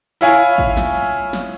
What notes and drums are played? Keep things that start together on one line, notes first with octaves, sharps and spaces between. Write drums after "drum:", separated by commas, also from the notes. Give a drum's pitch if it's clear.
E4 F4 C#5 F5 G#5
drum: kick
drum: snare
drum: snare